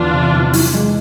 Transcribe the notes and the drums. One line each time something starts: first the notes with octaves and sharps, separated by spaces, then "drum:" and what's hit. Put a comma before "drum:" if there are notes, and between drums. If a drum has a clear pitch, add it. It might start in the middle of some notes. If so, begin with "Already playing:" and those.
Already playing: E2 D4 F4
C3
E2
E3, drum: open hi-hat
G#3